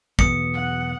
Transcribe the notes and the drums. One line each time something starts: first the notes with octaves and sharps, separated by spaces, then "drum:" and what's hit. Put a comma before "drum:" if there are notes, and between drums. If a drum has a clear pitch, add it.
B1 E2 B3 D#6 C#7, drum: kick
F#5